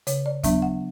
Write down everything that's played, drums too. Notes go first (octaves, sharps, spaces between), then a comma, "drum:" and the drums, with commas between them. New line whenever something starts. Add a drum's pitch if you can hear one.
C#3 C#5, drum: hi-hat
D5
F#3 B3 D4 E5, drum: kick D#2, hi-hat
F#5